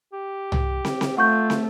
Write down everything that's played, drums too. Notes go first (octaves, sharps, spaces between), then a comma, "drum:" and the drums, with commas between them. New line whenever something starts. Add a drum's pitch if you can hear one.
G4
drum: tom C2
drum: snare
drum: snare
A3 F4 F#5 C#6 G6
drum: snare